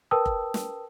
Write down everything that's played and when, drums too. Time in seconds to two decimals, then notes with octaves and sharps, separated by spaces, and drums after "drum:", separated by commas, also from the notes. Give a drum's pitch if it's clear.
0.11 A#4 B4 G5 A5 D#6 E6
0.26 drum: kick F1
0.54 drum: snare